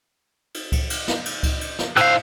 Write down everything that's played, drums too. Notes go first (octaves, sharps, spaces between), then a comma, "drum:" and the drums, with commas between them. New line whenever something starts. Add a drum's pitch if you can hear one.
drum: cymbal
drum: kick C#2, cymbal
drum: cymbal
drum: snare
drum: cymbal
drum: kick C#2, cymbal
drum: cymbal
drum: snare
A2 C5 F5 E6 F#6, drum: cymbal